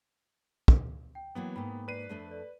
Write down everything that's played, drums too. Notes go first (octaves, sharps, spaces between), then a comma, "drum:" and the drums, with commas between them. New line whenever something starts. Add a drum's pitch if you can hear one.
drum: kick
G5
E3 F#3 A#3 B3
G#2 A#3 G5 B5
B4 D5 C7 D#7
F2 A3 D4
D5